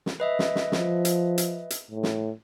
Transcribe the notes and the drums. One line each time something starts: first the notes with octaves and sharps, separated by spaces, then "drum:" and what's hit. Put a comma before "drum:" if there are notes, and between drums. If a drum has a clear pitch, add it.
drum: snare
B4 D#5 E5
drum: snare
drum: snare
F3, drum: snare
drum: hi-hat
drum: hi-hat
drum: hi-hat
A2
drum: snare